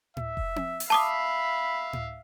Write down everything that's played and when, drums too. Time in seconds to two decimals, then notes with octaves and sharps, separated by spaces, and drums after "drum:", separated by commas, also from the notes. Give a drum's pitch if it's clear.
0.17 E5, drum: tom A2
0.37 drum: kick F1
0.56 drum: tom C4
0.80 drum: open hi-hat
0.90 E5 F5 A5 B5 D6 D#6
1.93 drum: tom A2